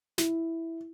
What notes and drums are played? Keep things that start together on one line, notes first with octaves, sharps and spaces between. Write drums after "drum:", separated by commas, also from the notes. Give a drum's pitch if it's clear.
E4, drum: snare